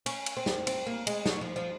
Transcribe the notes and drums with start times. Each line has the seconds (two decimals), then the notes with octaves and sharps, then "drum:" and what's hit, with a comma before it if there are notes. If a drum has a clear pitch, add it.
0.06 C#4, drum: cymbal
0.26 drum: cymbal
0.37 C4
0.46 drum: snare
0.67 C4, drum: cymbal
0.86 A#3
1.07 G#3, drum: cymbal
1.26 F#3, drum: snare
1.41 F3
1.56 F3